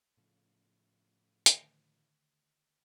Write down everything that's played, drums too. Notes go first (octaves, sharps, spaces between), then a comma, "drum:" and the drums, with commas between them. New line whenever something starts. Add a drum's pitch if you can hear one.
A2 C#3 F3
D3 D#3 A3, drum: hi-hat